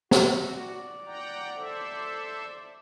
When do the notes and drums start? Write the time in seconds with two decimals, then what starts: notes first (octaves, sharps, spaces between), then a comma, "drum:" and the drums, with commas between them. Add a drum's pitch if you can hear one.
0.11 F#4, drum: snare
0.58 D5
1.06 F#5 G5 A#5
1.56 A4 C5 E5